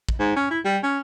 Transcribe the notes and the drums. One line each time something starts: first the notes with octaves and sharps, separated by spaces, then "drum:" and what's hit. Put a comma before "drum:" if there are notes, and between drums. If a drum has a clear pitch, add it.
drum: kick
G#2
C#4
E4
G3
C#4